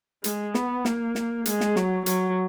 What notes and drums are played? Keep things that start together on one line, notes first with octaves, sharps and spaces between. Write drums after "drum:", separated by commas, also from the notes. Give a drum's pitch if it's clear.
G#3, drum: hi-hat
B3, drum: snare
A#3, drum: snare
drum: snare
G#3, drum: hi-hat
drum: snare
F#3, drum: snare
F#3, drum: hi-hat